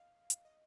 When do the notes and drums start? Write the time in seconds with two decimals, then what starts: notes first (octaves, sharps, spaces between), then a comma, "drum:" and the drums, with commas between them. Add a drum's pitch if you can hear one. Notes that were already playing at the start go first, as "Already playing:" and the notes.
Already playing: D#5 F5
0.30 drum: hi-hat
0.45 D#5